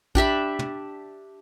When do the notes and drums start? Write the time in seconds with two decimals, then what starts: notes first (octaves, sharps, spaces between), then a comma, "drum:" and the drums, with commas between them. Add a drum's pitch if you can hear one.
0.15 D4 G4 E5 B5, drum: kick
0.59 drum: tom